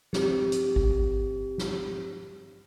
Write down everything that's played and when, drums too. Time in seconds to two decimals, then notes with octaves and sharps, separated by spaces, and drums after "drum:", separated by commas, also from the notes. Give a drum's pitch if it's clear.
0.13 C4 G4, drum: snare
0.52 drum: hi-hat
0.76 drum: kick G#1
1.58 drum: snare